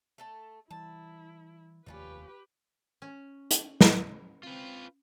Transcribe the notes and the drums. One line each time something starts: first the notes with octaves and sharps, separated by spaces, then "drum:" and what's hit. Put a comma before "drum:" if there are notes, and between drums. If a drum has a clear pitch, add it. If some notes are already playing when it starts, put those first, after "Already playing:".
A3 A4 A5
E3 G3 E4 A5
F1 D#2 A3 C#4 D#4 F4 G4 B4
C#4
drum: hi-hat
drum: snare
C4 F4 B4